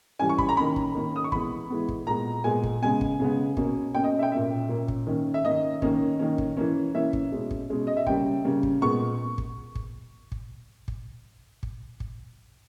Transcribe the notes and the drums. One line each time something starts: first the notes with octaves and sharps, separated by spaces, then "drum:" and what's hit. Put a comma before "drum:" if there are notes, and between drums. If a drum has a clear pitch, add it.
E3 G3 C#4 G#5
C#6
B5, drum: kick
A#5
D#3 A#3 C#4 B5
drum: kick
D#3 A#3 C#4
D#6
C#6
E3 G#3 B3 B5, drum: kick
E3 G#3 B3
drum: kick
A#2 G#3 B3 A#5
A#2 G#3 B3 G#5
drum: kick
C#3 G#3 B3 G#5
drum: kick
C#3 G#3 B3
B2 A#3 C#4, drum: kick
B2 A#3 C#4 G5
D#5
E5
G5
A#2 A#3 C#4 E5
A#2 A#3 C#4
drum: kick
D#3 A#3 C#4
E5
D#3 A#3 C#4 D#5
D#3 A#3 C#4, drum: kick
D#3 A#3 C#4
drum: kick
E3 A#3 C#4
E3 A#3 C#4 E5
drum: kick
B2 G#3 C#4
drum: kick
B2 G#3 C#4
D#5
E5
C#3 G3 A#3 C#4 G5, drum: kick
C#3 G3 A#3 C#4
drum: kick
A#2 G#3 B3 C#6
drum: kick
drum: kick
drum: kick
drum: kick
drum: kick
drum: kick